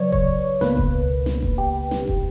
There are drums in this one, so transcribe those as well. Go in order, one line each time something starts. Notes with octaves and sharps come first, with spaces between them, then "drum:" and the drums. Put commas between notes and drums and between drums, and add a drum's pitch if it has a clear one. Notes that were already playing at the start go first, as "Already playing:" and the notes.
Already playing: C#3 F#3 B4 C#5 D5
C#5, drum: kick E1
C#2 B2 A#3 B4, drum: snare
drum: kick E1
drum: snare
drum: kick E1
G4
drum: snare
drum: kick E1